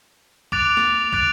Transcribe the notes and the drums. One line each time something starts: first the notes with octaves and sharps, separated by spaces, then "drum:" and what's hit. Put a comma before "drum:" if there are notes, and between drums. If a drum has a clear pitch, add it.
D6 F#6 A6 D7 F7, drum: kick
drum: snare
D6 F#6 A6 D7 F7, drum: kick